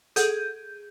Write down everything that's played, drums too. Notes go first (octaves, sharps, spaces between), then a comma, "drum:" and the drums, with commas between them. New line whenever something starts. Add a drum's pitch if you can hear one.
G#4 A4 F#5 D#6 G6, drum: hi-hat